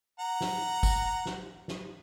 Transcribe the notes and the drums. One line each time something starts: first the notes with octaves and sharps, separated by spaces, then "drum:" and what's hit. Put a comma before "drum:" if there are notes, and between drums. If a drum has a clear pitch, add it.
F#5 A#5
drum: snare
drum: kick, tambourine
drum: snare
drum: snare